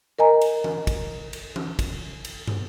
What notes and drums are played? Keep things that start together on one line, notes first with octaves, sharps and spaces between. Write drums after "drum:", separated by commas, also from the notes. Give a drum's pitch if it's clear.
A#4 D#5 G#5 A#5
drum: cymbal
drum: tom E3
drum: kick, cymbal
drum: cymbal
drum: tom E3
drum: kick, cymbal
drum: cymbal
drum: tom